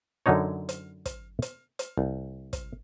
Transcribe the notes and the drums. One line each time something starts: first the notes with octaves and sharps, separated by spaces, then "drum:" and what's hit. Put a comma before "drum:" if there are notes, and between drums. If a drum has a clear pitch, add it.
F#2 D3 F#3 D#4 C#5
drum: hi-hat
drum: kick, hi-hat
drum: hi-hat
drum: hi-hat
C2
drum: kick, hi-hat